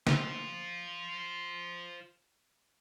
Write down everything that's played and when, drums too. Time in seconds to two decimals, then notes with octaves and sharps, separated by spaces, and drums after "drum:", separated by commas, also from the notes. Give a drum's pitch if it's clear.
0.07 F3 F4, drum: snare